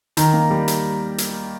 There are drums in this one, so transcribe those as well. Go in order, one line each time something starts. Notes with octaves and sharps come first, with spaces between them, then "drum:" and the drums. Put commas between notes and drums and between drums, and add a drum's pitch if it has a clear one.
D#3 A#5, drum: hi-hat
A#3
G3
drum: hi-hat
drum: hi-hat